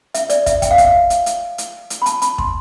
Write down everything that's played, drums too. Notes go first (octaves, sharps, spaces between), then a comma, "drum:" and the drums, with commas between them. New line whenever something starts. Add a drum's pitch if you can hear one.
E5, drum: hi-hat
D5, drum: hi-hat
E5, drum: kick, hi-hat
G5, drum: kick, hi-hat
F5
E5, drum: kick, hi-hat
F5
drum: hi-hat
drum: hi-hat
drum: hi-hat
drum: hi-hat
B5
A5, drum: hi-hat
B5, drum: hi-hat
C6, drum: kick